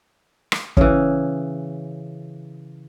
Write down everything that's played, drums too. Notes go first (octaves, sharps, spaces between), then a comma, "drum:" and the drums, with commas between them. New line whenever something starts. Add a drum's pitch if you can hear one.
drum: rim click
C#3 E3, drum: kick